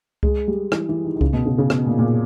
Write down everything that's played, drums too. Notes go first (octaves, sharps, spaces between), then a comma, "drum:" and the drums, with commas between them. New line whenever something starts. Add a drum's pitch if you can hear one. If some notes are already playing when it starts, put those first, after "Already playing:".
G#3, drum: kick C#2
G3
E3, drum: rim click
E3
D#3
D#3
C#3, drum: kick C#2
B2
C#3
C#3
B2, drum: rim click
A#2
A#2